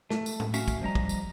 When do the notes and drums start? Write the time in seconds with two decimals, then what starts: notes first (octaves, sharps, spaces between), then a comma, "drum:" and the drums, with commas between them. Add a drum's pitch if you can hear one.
0.10 A3, drum: snare
0.26 drum: tambourine
0.40 drum: tom A2
0.54 C#4 F#4 E5 F5, drum: tambourine
0.68 drum: kick, tambourine
0.81 F3 G3 D#5 A#5
0.95 drum: kick
1.09 drum: tambourine